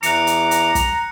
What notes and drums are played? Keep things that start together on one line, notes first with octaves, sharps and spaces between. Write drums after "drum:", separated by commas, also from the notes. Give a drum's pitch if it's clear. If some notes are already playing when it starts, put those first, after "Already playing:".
E2 E3 A#5 D6 F#6 C#7, drum: hi-hat
drum: hi-hat
drum: hi-hat
drum: kick, hi-hat